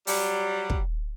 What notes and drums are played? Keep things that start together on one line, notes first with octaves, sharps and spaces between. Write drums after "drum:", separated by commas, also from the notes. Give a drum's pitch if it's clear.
F#3 G3, drum: open hi-hat
drum: kick